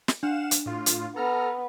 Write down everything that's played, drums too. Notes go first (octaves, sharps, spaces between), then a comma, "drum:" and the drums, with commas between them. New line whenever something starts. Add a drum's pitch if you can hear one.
drum: snare
D4 F5 F#5 E7
drum: hi-hat
A2 F4
drum: hi-hat
B3 A4 A#5 F6